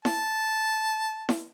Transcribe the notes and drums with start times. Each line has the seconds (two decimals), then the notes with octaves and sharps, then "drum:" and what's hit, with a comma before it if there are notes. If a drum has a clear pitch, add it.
0.05 A5, drum: snare E4
1.29 drum: snare E4